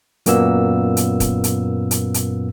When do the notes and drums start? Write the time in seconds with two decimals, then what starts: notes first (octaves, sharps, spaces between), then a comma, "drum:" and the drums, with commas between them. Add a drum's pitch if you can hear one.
0.26 F#2 A#2 A#3 B3 E6, drum: hi-hat
0.97 drum: hi-hat
1.20 drum: kick, hi-hat
1.44 drum: hi-hat
1.91 drum: hi-hat
2.14 drum: hi-hat